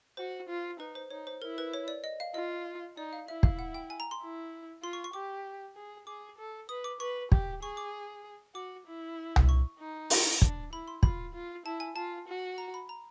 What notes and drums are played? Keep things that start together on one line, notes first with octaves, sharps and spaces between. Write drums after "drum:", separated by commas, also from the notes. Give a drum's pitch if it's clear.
F#4 C5
F4
D#4 B4
C5
D#4 C#5
C5
E4 A#4
B4
C#5
D5
D#5
F5
F4 D#5
D#4 D5
F5
E4 E5
F5, drum: kick
F#5
G5
G#5
A#5
C6
E4
F4 C6
C#6
C#6
G4 D6
G#4
G#4 D6
A4
B4 D#6
D6
B4 C#6
G4, drum: kick
G#4 C#6
D6
F#4 D6
E4
drum: tom C2
C#6
D#4
B5, drum: open hi-hat
D4, drum: kick
E4 B5
C6
F4 B5, drum: kick
F4
E4 A5
G#5
F4 A5
F#4
A#5
B5
A#5